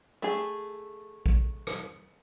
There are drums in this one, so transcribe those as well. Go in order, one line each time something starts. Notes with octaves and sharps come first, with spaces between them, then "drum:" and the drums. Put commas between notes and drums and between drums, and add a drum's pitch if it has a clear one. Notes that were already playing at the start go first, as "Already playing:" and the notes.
A3 G#4
drum: kick A#1
drum: rim click